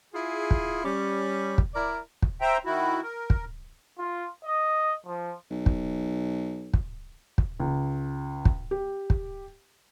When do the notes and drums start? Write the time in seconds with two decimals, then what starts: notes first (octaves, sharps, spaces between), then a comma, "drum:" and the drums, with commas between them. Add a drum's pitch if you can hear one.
0.14 E4 F4 G#4
0.51 drum: kick
0.84 G3 C#4
1.58 drum: kick
1.75 E4 A#4 D5
2.22 drum: kick
2.41 C5 E5 G5 A#5
2.65 D#3 E4 F#4
3.03 A#4
3.30 drum: kick
3.99 F4
4.45 D#5
5.06 F3
5.50 B1
5.66 drum: kick
6.74 drum: kick
7.38 drum: kick
7.60 C#2
8.45 drum: kick
8.71 G4
9.10 drum: kick